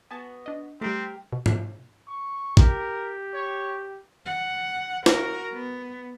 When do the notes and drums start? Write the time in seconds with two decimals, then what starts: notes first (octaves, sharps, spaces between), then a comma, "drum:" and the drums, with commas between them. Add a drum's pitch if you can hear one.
0.11 B3 F#4 G#5 A5
0.46 D4 D#5
0.81 G3 A3 C4 G4 A#4
1.33 B2
1.46 drum: tom G#2
2.08 C#6
2.57 G4 A#4, drum: kick
3.34 C#5
4.26 F#5
5.06 F#4 A#4, drum: snare
5.53 B3